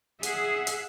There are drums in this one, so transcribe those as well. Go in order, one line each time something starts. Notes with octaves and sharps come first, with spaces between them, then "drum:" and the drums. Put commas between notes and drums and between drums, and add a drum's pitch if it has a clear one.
G#4 E5 F#5, drum: hi-hat
drum: hi-hat